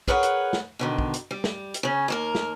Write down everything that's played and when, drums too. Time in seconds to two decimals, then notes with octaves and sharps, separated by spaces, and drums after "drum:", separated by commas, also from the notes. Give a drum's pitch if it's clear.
0.08 G#4 A#4 B4 C#5 E5 F#5, drum: kick
0.23 drum: hi-hat
0.53 drum: snare
0.79 B2 D3 D#3
0.98 drum: kick
1.14 drum: hi-hat
1.31 G3
1.44 drum: snare
1.74 drum: hi-hat
1.83 C#3 C#4
2.08 D#2 A#3 A#4
2.35 drum: snare